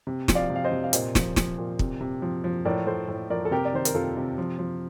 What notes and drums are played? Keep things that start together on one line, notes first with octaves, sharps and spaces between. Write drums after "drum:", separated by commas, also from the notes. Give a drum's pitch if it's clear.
C3
F3, drum: snare
D5 F5
C3
F5
C5 D#5
C3
F5
A#2 C5 D#5, drum: hi-hat
F3, drum: snare
F3, drum: snare
A#2
C3, drum: kick
C3
F3
F3
A2 A#4 D5
F3 A4 C5
A2
F3 A#4 D5
A4
C3 G4 A#4
D5
D#3 C5
A#4, drum: hi-hat
C3 F4 A4
C3
F3
F3